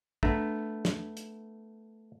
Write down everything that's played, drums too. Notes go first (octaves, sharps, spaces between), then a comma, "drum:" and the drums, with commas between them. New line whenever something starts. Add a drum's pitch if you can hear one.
A3 B3 D4, drum: kick
drum: snare
drum: hi-hat